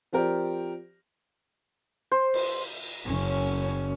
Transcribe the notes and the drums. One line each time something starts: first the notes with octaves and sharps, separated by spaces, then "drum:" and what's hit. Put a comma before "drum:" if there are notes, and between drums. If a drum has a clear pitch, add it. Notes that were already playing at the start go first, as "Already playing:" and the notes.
F3 C4 G4 A#4 D5
C5
drum: cymbal
F#1 C#4